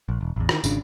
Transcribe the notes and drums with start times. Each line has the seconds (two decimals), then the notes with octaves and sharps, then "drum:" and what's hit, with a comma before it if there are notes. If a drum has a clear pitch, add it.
0.09 A#1
0.21 E1
0.36 A1 E2
0.49 D#3, drum: rim click
0.64 G#1 C#3 D4, drum: tambourine